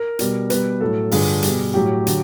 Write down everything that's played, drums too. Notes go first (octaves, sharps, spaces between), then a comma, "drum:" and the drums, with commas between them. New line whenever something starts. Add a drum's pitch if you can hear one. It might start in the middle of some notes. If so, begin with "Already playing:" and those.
Already playing: A#4
B2 G3, drum: hi-hat
B2 G3 B4, drum: hi-hat
A2 F#3 A4
G2 D3 F3 G#4, drum: open hi-hat
B2 G3, drum: hi-hat
A2 F#3 G4
D3 F#3, drum: hi-hat